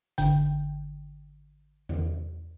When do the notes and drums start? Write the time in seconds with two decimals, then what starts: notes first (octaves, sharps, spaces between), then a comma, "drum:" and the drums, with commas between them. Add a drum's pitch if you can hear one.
0.18 G#1 D3 G5, drum: hi-hat
1.89 drum: tom E2